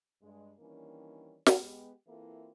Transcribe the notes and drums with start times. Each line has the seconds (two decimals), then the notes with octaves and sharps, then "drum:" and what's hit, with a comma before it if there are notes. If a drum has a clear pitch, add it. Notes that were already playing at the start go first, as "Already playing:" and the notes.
0.22 G2 G#3
0.59 D#3 E3 G3 A#3 C#4 D4
1.46 drum: snare
1.58 G#3 B3 G4
2.07 E3 A#3 C4 E4 F4 A4